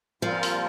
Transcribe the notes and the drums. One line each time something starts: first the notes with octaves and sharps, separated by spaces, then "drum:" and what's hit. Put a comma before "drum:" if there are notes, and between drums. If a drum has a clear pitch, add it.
A#2 F3 G3 C4 F4 A#4
drum: open hi-hat